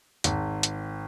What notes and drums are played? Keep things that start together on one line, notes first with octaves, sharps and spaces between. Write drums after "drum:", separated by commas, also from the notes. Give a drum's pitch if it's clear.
G#1, drum: hi-hat
drum: hi-hat